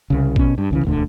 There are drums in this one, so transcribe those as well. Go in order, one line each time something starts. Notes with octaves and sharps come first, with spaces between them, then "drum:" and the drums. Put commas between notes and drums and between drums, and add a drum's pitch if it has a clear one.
C2 C#3
B2 C#4, drum: kick
G2
C2 C#3 E3
E1 D2 D3